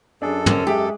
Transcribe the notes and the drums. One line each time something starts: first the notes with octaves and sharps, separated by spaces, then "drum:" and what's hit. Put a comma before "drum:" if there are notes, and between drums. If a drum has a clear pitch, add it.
F#2 C#4 D4 G#4 A4
D3 C4 C#4 A#4, drum: tom
G#3 G4 G#4 E5